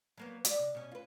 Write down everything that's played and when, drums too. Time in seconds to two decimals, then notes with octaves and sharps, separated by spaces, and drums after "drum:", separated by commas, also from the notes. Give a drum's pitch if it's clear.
0.17 F#3 A#3 B3
0.45 D5, drum: hi-hat
0.59 C3
0.75 B2 C#4
0.92 F4 B4